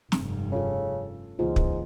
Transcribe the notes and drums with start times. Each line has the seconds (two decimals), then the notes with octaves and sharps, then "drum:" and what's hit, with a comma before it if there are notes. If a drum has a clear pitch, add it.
0.12 F1 G2, drum: snare
0.52 C#3 C#4 F4 A4
1.39 C#2 G#2 E3 A#3 F4
1.56 drum: kick